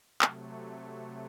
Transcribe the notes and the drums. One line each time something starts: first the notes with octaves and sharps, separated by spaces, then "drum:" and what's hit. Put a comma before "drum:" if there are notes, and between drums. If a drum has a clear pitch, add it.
C3 F#3 A3, drum: clap